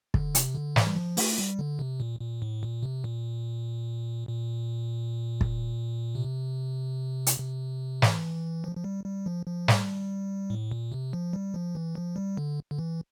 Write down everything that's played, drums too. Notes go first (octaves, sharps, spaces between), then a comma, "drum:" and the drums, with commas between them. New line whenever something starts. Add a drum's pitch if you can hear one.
D3, drum: kick
C3, drum: hi-hat
D3
E3, drum: snare
G3
F3
A3, drum: open hi-hat
G3
D3
C3
A#2
A#2
A2
A#2
C3
A#2
A#2
drum: kick
C3
drum: hi-hat
C3
E3, drum: snare
F3
F3
G3
G3
F3
F3
G3, drum: snare
A2
A#2
C3
F3
G3
F3
E3
F3
G3
D3
D3
E3